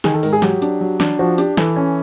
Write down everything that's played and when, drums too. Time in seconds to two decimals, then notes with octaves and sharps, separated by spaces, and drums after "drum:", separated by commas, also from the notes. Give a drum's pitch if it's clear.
0.04 D#3 G#4, drum: snare
0.14 A4
0.23 G#2 A#4, drum: open hi-hat
0.33 G#4
0.42 F#3 G4, drum: snare
0.62 D4, drum: hi-hat
0.81 F#3
1.00 D4, drum: snare
1.19 F3 F#4
1.38 D4 G4, drum: hi-hat
1.57 E3 A4, drum: snare
1.76 C#4